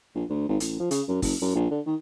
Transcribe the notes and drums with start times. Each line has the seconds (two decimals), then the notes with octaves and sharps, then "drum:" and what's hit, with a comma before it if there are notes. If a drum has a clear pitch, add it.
0.15 A#1
0.29 D2
0.48 G#1
0.60 A1, drum: hi-hat
0.79 F3
0.91 C#3, drum: hi-hat
1.08 F#2
1.22 F#1, drum: kick, open hi-hat
1.42 F#2
1.55 A#1
1.71 D3
1.86 D#3